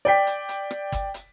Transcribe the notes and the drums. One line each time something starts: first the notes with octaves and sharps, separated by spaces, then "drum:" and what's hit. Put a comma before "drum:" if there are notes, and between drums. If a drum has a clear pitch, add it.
D5 G5 B6
drum: hi-hat
drum: hi-hat
drum: rim click
drum: kick, hi-hat
drum: hi-hat